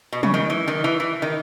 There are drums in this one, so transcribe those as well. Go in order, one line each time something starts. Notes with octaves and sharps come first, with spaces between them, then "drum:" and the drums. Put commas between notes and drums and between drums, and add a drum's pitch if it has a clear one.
B2
C#3, drum: tom
D#3
E3
D#3
E3
E3
D#3